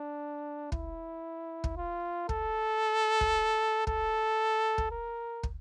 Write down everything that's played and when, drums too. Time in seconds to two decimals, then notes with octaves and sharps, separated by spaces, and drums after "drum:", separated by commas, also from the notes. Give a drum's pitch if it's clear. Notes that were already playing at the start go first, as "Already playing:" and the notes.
Already playing: D4
0.72 E4, drum: kick
1.64 drum: kick
1.77 F4
2.29 A4, drum: kick
3.21 drum: kick
3.87 A4, drum: kick
4.78 drum: kick
4.91 A#4
5.43 drum: kick